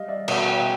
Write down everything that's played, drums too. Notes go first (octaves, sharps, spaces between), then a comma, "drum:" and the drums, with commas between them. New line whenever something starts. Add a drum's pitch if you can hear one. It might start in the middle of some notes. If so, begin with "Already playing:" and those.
Already playing: G3 D#5 F5
D5 E5
B2 E5 F#5, drum: cymbal
G5
F#5